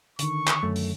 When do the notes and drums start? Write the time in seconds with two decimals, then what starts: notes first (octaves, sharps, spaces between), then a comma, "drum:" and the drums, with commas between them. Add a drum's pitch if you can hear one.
0.19 D3 D#3 C#6, drum: hi-hat
0.47 drum: clap
0.63 F#2 A3
0.76 drum: open hi-hat